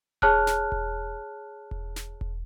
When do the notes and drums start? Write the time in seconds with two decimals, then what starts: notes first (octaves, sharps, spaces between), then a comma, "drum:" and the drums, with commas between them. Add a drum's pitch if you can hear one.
0.22 G#4 C#5 A5 F6 F#6, drum: kick E1
0.47 drum: snare
0.72 drum: kick E1
1.71 drum: kick E1
1.96 drum: snare
2.21 drum: kick E1